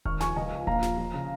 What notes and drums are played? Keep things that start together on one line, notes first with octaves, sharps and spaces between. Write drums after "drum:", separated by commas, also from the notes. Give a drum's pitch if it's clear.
G#1 C#6 F6, drum: kick D#1
F3 G#5 C#6, drum: snare
C#2 D#5 G#5
F3
A#1 F5 A#5, drum: kick D#1
F3, drum: snare
F3
C#3